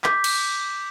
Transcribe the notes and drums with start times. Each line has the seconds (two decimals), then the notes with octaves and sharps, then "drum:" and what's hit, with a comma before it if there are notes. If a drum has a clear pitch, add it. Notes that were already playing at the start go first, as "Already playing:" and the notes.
0.04 D6 G6 B6, drum: clap
0.24 drum: cymbal